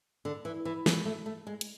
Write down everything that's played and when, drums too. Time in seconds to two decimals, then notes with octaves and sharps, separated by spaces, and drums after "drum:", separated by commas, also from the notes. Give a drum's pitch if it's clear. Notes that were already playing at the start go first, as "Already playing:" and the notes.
0.25 D3
0.45 E3
0.65 E3
0.86 G#3, drum: snare
1.05 A3
1.26 A3
1.47 G#3
1.61 drum: hi-hat